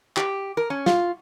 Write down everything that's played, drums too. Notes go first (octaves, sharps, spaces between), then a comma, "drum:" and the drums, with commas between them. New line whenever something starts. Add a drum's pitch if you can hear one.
G4, drum: clap
A#4
C#4
F4, drum: snare